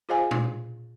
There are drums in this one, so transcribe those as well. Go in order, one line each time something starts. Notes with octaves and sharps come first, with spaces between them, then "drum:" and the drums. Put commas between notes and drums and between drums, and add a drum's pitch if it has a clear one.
F4 G#4 C5 D#5 F5 G#5
drum: tom A#2